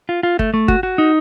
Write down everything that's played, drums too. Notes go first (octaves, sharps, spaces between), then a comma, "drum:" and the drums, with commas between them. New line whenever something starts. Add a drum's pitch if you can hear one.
F4
F4
A3, drum: kick G1
A3
F#4, drum: kick G1
F#4
D#4